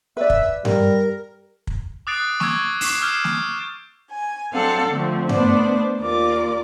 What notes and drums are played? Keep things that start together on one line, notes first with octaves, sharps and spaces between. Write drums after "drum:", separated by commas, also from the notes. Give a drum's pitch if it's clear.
B4 D5 E5
drum: kick
G3 A#4, drum: tom G2
drum: kick
D6 D#6 F#6 A6 C7 D7
C#6 D6 E6 G#6, drum: snare
C#6 D6 C7 E7, drum: open hi-hat
D6 E6 F6 G6 C7 E7
drum: snare
G#5
F#3 C4 D4 A4 F5 F#5
D3 F3 A3 C4
A3 B3 D4 C5 D5, drum: tom G2
D#2 F4 A#4 D5 D6